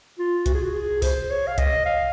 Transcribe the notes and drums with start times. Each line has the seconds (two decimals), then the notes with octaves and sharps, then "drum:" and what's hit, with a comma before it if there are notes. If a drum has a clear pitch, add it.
0.19 F4
0.46 F#4, drum: kick C2, hi-hat
0.54 G#4
0.63 F#4
0.74 G#4
1.02 C5, drum: kick C2, open hi-hat
1.30 C#5
1.47 F5
1.58 D#5, drum: kick C2, hi-hat
1.85 F5